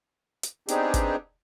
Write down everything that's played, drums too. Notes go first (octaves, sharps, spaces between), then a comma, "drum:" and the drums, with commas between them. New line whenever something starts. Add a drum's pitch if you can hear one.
drum: hi-hat
B3 C4 D4 D#4 G4 G#4, drum: hi-hat
drum: kick, hi-hat